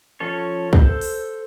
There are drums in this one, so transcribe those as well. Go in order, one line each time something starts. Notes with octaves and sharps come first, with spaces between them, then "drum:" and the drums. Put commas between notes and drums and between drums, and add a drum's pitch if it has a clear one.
F3 C#4 A4 C#5
A4 C5 E6, drum: kick
drum: open hi-hat